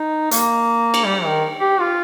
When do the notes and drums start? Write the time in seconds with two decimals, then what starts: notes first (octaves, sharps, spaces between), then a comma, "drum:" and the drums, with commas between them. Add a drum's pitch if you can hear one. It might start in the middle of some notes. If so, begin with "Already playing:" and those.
Already playing: D#4
0.31 A#3, drum: hi-hat
0.94 drum: cymbal
1.06 G3
1.25 D#3
1.61 G4
1.80 F4